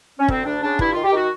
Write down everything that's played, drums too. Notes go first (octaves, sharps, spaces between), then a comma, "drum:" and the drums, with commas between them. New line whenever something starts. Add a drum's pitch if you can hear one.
C#4
D2 C4, drum: kick
D2 D4
C#3 D4
G2 E4, drum: kick
D#3 F4
G4
D#3 F#4